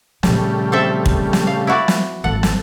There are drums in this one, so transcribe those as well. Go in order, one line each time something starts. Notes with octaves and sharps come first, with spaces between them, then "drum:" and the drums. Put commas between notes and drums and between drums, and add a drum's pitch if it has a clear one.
A#2 C#3 F3 G3 A3, drum: snare
C4 A4 E5
drum: kick
drum: snare
F5
E4 F#4 D5
drum: snare
G#1 G#2 A4 F#5
drum: snare